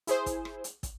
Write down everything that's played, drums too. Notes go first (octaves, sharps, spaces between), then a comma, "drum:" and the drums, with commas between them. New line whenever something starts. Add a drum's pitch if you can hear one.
E4 G#4 C5, drum: hi-hat
drum: kick, hi-hat
drum: rim click
drum: hi-hat
drum: kick, hi-hat